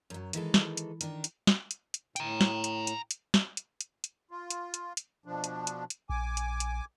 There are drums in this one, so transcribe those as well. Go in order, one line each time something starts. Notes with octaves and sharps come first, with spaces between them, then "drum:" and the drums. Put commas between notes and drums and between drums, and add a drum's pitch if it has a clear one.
F#2 F#3
D#3 E3 G#3 A4, drum: hi-hat
drum: snare
drum: hi-hat
D#3 D4, drum: hi-hat
drum: hi-hat
drum: snare
drum: hi-hat
drum: hi-hat
A2 G5 A#5, drum: hi-hat
drum: snare
drum: hi-hat
drum: hi-hat
drum: hi-hat
drum: snare
drum: hi-hat
drum: hi-hat
drum: hi-hat
F4
drum: hi-hat
drum: hi-hat
drum: hi-hat
B2 F3 D4
drum: hi-hat
drum: hi-hat
drum: hi-hat
A#1 G#5 D6
drum: hi-hat
drum: hi-hat